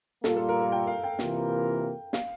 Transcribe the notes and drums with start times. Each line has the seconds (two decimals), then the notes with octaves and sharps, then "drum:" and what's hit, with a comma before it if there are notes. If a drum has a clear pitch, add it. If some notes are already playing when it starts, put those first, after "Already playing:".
0.24 A#2 G3 A#3 F4 A4, drum: snare
0.36 A4
0.49 A#4
0.60 A#4
0.72 G5
0.87 F5
1.04 G5
1.19 C3 E3 A#3 F4 A#4, drum: snare
2.13 F5, drum: snare